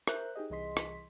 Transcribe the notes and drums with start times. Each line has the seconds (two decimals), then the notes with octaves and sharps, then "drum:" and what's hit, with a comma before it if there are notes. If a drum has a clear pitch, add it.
0.07 A#4 C5 E5 A#5 F#6 G6, drum: rim click
0.35 D#4 G4 G#4 D#5
0.50 C2 E3 G#4 D#5 C6 B6
0.77 drum: rim click